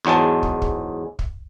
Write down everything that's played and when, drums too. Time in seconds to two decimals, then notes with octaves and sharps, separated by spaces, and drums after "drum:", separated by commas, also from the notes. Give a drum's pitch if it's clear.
0.05 E2 G#2 F#3 G#3 A5
0.43 drum: kick
0.62 drum: kick
1.19 drum: kick